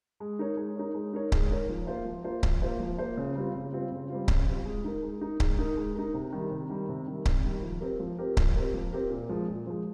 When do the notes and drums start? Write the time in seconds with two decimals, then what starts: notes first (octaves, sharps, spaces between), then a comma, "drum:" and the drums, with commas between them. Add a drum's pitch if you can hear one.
0.20 G#3
0.39 D#4 A#4 C#5
0.57 G#3
0.76 D#4 A#4 C#5
0.95 G#3
1.13 D#4 A#4 C#5
1.32 G#3, drum: kick C#1
1.51 D#4 A#4 C#5
1.69 F3
1.87 A#3 F4 C5
2.05 F3
2.24 A#3 F4 C5
2.43 F3, drum: kick C#1
2.62 A#3 F4 C5
2.79 F3
2.98 A#3 F4 C5
3.17 C#3
3.36 G3 C4 F4
3.54 C#3
3.73 G3 C4 F4
3.92 C#3
4.10 G3 C4 F4
4.28 C#3, drum: kick C#1
4.47 G3 C4 F4
4.65 G#3
4.84 D#4 A#4
5.02 G#3
5.21 D#4 A#4
5.40 G#3, drum: kick C#1
5.59 D#4 A#4
5.77 G#3
5.95 D#4 A#4
6.14 C3
6.32 D#3 G3
6.51 C3
6.70 D#3 G3
6.89 C3
7.07 D#3 G3
7.25 C3, drum: kick C#1
7.44 D#3 G3
7.62 F3
7.80 C4 G4 A#4
7.99 F3
8.18 C4 G4 A#4
8.37 F3, drum: kick C#1
8.55 C4 G4 A#4
8.74 F3
8.93 C4 G4 A#4
9.11 A#2
9.29 F3 G#3
9.48 A#2
9.67 F3 G#3